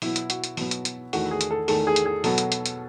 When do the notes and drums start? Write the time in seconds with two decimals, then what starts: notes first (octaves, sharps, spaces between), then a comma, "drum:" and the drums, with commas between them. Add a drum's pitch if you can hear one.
0.02 B2 F#3 B3 E4, drum: open hi-hat
0.16 drum: hi-hat
0.30 F#4, drum: hi-hat
0.44 drum: hi-hat
0.57 B2 F#3 B3, drum: open hi-hat
0.71 drum: hi-hat
0.85 drum: hi-hat
1.13 E2 D#3 A3 F#4, drum: open hi-hat
1.31 G#4
1.41 drum: hi-hat
1.51 A4
1.68 E2 D#3 A3 A4, drum: open hi-hat
1.87 G#4
1.96 drum: hi-hat
2.06 G#4
2.24 B2 F#3 B3 A4, drum: open hi-hat
2.38 drum: hi-hat
2.52 drum: hi-hat
2.66 drum: hi-hat